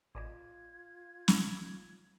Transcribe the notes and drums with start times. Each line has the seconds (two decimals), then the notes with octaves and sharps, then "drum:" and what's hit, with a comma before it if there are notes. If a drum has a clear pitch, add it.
0.15 A1 F4 D5 D#5 G#6
1.28 drum: snare